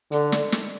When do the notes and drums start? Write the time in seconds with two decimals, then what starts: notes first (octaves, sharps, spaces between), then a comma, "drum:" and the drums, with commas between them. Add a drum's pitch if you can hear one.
0.12 D3, drum: hi-hat
0.32 drum: snare
0.52 drum: snare